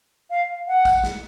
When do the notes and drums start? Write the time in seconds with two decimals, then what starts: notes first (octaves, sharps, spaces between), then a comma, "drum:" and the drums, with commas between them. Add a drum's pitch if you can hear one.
0.30 F5
0.68 F#5
0.85 drum: kick, tambourine
1.04 drum: snare